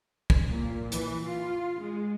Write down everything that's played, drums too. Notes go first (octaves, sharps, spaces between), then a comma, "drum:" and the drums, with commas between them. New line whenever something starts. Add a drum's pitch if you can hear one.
drum: kick
A#2
E3, drum: hi-hat
F4
G#3